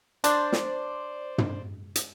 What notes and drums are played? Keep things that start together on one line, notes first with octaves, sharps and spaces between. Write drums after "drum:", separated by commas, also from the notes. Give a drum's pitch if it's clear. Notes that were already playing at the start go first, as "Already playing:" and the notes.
D4 C5 D5, drum: hi-hat
drum: snare
drum: tom
drum: hi-hat